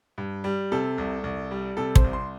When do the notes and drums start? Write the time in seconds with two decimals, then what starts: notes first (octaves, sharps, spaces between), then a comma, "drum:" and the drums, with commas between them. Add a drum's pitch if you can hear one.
0.18 G2
0.44 G3
0.72 C3 A4
0.98 C2
1.24 C2
1.51 G3
1.77 C3 A4
1.96 C5, drum: kick
2.04 C2
2.13 C6